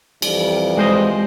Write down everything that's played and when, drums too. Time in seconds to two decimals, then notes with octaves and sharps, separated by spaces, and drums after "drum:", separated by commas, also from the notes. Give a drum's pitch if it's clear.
0.22 F2 E3 G3, drum: cymbal
0.77 G#3 C5 D#5